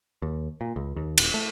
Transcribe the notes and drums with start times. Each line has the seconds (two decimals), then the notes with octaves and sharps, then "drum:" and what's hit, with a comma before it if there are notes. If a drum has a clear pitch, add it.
0.22 D#2
0.61 A#2
0.76 C#2
0.96 D#2
1.18 D#1, drum: cymbal
1.34 A3